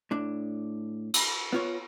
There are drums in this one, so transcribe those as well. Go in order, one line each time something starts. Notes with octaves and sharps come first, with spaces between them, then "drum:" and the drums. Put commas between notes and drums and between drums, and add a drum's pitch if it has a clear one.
A2 D4
drum: cymbal
B3 F4 C#5